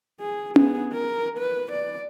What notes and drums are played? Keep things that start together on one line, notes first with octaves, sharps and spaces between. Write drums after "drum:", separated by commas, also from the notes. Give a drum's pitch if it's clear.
G#4
B3 G#4, drum: tom C#4
A#4
B4
D5